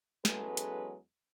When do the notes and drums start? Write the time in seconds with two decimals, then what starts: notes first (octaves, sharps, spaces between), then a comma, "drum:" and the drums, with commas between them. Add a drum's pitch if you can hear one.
0.25 E2 F#3 G#3 C#4 A4 B4, drum: snare
0.57 drum: hi-hat